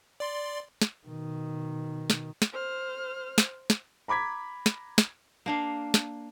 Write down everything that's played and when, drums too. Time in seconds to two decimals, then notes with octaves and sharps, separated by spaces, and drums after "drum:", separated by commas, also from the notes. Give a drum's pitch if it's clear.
0.20 D5 C6
0.82 drum: snare
1.06 B2 D#3
2.10 drum: snare
2.42 drum: snare
2.52 C5 F6
3.38 drum: snare
3.70 drum: snare
4.08 A#5 B5 D6 G#6 B6
4.66 drum: snare
4.98 drum: snare
5.46 A#3 D4 F5
5.94 drum: snare